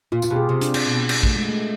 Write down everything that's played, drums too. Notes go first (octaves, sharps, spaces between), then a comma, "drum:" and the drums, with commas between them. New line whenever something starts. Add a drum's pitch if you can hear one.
A#2 F4
A#2 F4, drum: tambourine
B2 G4
G#4
C3 G4
D4, drum: hi-hat
C4, drum: cymbal
B2
drum: cymbal
A3, drum: kick
G#3
A3